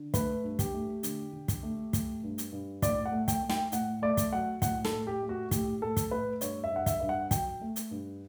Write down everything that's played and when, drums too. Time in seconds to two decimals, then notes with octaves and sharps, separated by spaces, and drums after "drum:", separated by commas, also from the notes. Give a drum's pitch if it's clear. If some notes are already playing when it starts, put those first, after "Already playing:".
Already playing: D3
0.14 A3 B4, drum: kick, hi-hat
0.44 G2
0.59 G4, drum: kick, hi-hat
0.74 A3
1.03 D3, drum: hi-hat
1.33 D3
1.48 drum: kick, hi-hat
1.63 A3
1.93 A3, drum: kick, hi-hat
2.23 G2
2.38 drum: hi-hat
2.52 G2
2.82 A2 D5, drum: kick, hi-hat
3.06 F#5
3.12 A3
3.28 G5, drum: kick, hi-hat
3.42 A3
3.49 G5, drum: snare
3.72 A2 F#5, drum: hi-hat
4.02 A3 D5
4.17 drum: kick, hi-hat
4.32 F#3 F#5
4.62 A2 F#5, drum: kick, hi-hat
4.84 A4, drum: snare
4.93 A2
5.07 G4
5.22 A3
5.29 F#4
5.51 A2 G4, drum: kick, hi-hat
5.81 A2 A4
5.97 drum: kick, hi-hat
6.11 A3 B4
6.41 G2 C#5, drum: hi-hat
6.64 E5
6.72 G2 F#5
6.86 E5, drum: kick, hi-hat
7.00 G2 E5
7.09 F#5
7.31 F#3 G5, drum: kick, hi-hat
7.61 A3
7.76 drum: hi-hat
7.91 G2